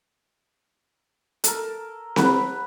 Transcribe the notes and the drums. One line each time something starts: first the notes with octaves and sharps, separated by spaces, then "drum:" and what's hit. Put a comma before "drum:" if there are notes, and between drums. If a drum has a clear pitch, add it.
A4 A#4, drum: hi-hat
B4 F#5 B5, drum: snare C4